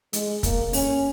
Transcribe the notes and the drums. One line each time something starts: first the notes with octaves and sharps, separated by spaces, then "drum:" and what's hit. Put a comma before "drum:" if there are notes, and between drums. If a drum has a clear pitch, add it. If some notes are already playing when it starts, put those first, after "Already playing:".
G#3, drum: hi-hat
A#3, drum: kick, hi-hat
C#4, drum: open hi-hat